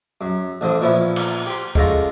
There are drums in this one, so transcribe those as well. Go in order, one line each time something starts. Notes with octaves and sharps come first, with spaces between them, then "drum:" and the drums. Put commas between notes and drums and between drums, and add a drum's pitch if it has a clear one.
F#2
A1 D3 C5 D#6
A#2 F3 B3 C#4 E4
drum: cymbal
G4 C6
C#2 D3 F4 A#5 C#6, drum: kick D2